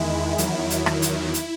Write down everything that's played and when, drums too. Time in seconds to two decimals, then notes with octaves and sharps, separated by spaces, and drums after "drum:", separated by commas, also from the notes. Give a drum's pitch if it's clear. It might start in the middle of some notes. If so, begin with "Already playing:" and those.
Already playing: E2 D#3 G#3 E4
0.38 E2 D#3 F#3 E4, drum: hi-hat
0.70 drum: hi-hat
0.86 E4, drum: rim click
1.02 drum: hi-hat
1.34 drum: hi-hat